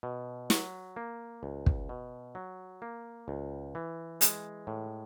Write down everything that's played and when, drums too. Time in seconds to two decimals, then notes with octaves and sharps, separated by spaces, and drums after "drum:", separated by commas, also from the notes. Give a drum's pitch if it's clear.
0.03 B2
0.50 F#3, drum: snare
0.96 A#3
1.43 C#2
1.66 drum: kick
1.89 B2
2.35 F#3
2.82 A#3
3.28 C#2
3.75 E3
4.21 G#3, drum: hi-hat
4.67 A2